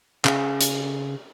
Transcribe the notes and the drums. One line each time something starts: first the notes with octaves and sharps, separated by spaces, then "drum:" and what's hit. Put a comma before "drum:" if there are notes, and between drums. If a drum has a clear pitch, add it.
C#3, drum: clap
drum: hi-hat